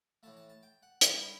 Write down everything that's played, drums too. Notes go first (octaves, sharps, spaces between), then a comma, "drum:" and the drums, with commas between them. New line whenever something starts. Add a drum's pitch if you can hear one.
A2 E3 A3 A5
A5
A5
G5
F#5
C#3 G3 D4 A5, drum: hi-hat
B5